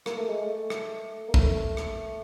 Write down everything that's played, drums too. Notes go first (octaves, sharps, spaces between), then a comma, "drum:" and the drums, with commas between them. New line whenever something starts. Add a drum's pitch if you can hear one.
A#3, drum: rim click
A3
G#3
A3
drum: rim click
A#3
A3, drum: kick
drum: rim click